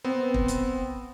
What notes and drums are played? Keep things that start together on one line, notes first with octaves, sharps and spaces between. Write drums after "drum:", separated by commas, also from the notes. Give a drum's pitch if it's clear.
B3 C4
drum: kick
drum: hi-hat